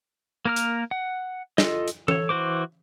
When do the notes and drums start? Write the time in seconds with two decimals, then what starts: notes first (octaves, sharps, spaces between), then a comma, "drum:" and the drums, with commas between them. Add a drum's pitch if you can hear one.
0.45 A#3 A#4 F6
0.56 drum: hi-hat
0.91 F#5
1.58 F4 A4 D#5, drum: snare
1.88 drum: hi-hat
2.08 A4 C#5, drum: tom E3
2.29 E3 F#4 C5 D6